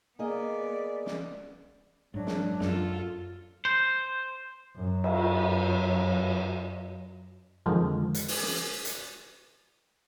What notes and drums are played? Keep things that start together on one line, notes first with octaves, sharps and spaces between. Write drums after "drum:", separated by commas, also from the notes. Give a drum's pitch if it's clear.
A#3 B3 G#4 D5 D#5
drum: snare
G#2 F#3 D4
drum: snare
F#2 F4 A4, drum: snare
C5
F#2 F#3
drum: cymbal
F2 D3 D#3 F3 G#3
drum: hi-hat
drum: open hi-hat
drum: snare
drum: hi-hat